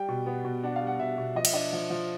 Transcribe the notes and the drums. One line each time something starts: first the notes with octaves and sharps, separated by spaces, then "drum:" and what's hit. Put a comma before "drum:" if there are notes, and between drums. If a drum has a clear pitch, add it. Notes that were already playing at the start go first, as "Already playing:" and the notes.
Already playing: G3 G5
B2
B3
B2
D4 F#5
G3 F5
F#5
B2 E5
B2
F3 D#5
E5, drum: cymbal
D4 D#5
F3
F3